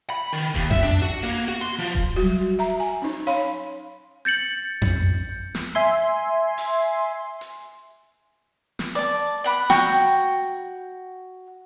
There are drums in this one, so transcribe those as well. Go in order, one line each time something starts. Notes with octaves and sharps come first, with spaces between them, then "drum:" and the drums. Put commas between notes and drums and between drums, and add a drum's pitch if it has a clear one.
B5
D#3
D#2, drum: kick D#1
E5, drum: tom F2
D4
F#4
A#3
F#4
C6
F3
drum: kick D#1
F#3 G3 F#4
E5 A#5
G#5
C#4 D#4
C#5 F5 B5 C6
G6 A6 C#7 F#7
drum: tom F2
drum: snare
E5 G#5 C6
drum: open hi-hat
drum: hi-hat
drum: snare
D5 A5
D5 F#5 B5
F#4 G5 A#5, drum: snare